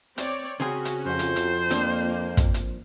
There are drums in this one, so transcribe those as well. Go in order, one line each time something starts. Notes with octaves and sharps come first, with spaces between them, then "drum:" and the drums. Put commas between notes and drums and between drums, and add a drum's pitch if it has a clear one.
C4 C#5 D5, drum: hi-hat
C#3 C4 C#4 F#4 G#4
drum: hi-hat
F2 C5
drum: hi-hat
drum: hi-hat
F3 A#3 C4 D4, drum: hi-hat
drum: kick, hi-hat
drum: hi-hat